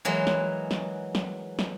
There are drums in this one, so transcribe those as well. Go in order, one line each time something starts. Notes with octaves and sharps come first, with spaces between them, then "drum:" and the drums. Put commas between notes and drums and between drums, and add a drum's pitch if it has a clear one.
E3 F#3 G#3 A#3
drum: snare
drum: snare
drum: snare
drum: snare